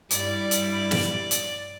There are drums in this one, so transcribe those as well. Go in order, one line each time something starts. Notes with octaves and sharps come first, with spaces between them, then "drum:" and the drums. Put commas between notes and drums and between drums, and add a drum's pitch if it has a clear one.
G2 G3 E4 D5, drum: hi-hat
drum: hi-hat
drum: snare
drum: hi-hat